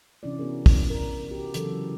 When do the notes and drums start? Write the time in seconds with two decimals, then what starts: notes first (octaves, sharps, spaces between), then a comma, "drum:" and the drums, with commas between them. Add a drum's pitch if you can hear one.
0.23 C3 E3 C#4 D4 E4 D5
0.39 B3 F#4 G#4 A#4
0.66 drum: kick, open hi-hat
0.90 A#4
1.31 F#4 G4
1.54 C#3 E3 F#3 A4, drum: hi-hat